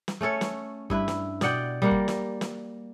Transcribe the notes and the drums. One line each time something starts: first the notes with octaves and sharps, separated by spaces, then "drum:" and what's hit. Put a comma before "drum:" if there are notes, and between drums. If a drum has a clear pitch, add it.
drum: snare
A3 C#4 A4 C#5
drum: snare
G2 E4 B4, drum: kick G1
drum: snare
B2 D5 F#5 G5, drum: snare
G3 A#3 F#5
drum: kick G1
drum: snare
drum: snare